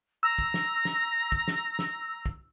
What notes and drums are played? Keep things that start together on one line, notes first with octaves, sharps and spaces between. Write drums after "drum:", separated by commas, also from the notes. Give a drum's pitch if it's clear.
A#5 E6
drum: kick
drum: snare
drum: snare
drum: kick
drum: snare
drum: snare
drum: kick